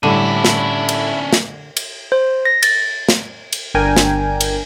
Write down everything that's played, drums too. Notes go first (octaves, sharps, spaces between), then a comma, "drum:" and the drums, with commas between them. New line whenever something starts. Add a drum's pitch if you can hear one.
A2 D3 G3 C#4 D4 E4 D#7
drum: snare
drum: cymbal
drum: snare
drum: cymbal
C5
A#6
A6, drum: cymbal
drum: snare
drum: cymbal
G1 D4 A#4 G5 G#5
drum: snare
drum: cymbal